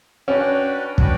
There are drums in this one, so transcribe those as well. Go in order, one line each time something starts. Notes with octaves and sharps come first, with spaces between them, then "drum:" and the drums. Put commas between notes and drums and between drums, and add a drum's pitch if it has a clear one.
C#4 D4 F#4 B4 D5 G5
D4 F#4 B4 D5 G5, drum: kick